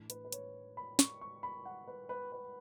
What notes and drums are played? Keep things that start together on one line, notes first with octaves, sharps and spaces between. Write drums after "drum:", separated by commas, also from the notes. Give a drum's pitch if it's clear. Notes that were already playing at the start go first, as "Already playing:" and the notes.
Already playing: A2 E3 A3 D4
B4, drum: hi-hat
B4
C#5, drum: hi-hat
B5
C#6, drum: snare
C#6
B5
F#5
B4
B4
B4